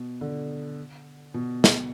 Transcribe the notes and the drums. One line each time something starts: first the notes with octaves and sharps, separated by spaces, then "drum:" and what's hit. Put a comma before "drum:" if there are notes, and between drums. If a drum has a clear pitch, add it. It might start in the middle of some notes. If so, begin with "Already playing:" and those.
Already playing: B2
D3
B2
drum: snare